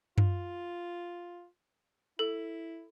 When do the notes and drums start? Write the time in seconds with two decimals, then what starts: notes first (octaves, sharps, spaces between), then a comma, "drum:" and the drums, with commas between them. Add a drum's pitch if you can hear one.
0.18 F4, drum: tom F#2
2.19 E4 A4